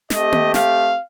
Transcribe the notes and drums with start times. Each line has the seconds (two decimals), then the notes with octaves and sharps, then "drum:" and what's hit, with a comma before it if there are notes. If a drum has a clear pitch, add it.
0.10 A3 C4 G4 D#5, drum: snare
0.32 drum: tom A#3
0.54 F5, drum: snare